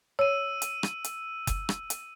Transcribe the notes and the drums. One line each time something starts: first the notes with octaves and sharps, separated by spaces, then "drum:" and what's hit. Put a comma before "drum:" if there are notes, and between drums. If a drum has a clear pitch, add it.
C#5 E6 D#7
drum: hi-hat
drum: rim click
drum: hi-hat
drum: kick F#1, hi-hat
drum: rim click
drum: hi-hat